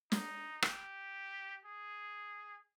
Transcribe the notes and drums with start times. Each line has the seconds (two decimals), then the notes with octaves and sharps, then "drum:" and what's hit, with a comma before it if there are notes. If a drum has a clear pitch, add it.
0.12 D#4, drum: snare
0.62 G4, drum: rim click
1.65 G#4